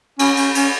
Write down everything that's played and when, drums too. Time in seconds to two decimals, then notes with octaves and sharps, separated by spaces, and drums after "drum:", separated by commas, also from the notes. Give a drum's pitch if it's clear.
0.19 C#4, drum: cymbal
0.37 C#4, drum: cymbal
0.55 C#4, drum: cymbal